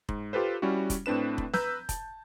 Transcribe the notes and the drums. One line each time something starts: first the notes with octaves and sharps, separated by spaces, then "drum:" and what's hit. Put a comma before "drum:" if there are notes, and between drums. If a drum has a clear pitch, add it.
G#2, drum: kick
F4 G4 A4 B4 C5
G3 C#4 E4 F#4
drum: kick, hi-hat
A2 C4 D4 B4 E7
drum: kick
B4 A#5 E6 G6, drum: snare
A5, drum: kick, hi-hat